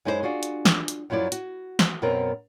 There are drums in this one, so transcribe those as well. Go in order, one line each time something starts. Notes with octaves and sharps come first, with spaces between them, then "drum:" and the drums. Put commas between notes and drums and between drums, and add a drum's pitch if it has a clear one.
F#2 G#3 D#4 E4 F#4 C5
D4 F4 F#4 G#4
drum: hi-hat
drum: snare
drum: hi-hat
F#2 F3 F#3 E4 D5
F#4, drum: hi-hat
drum: snare
F#2 B2 B3 C4 A#4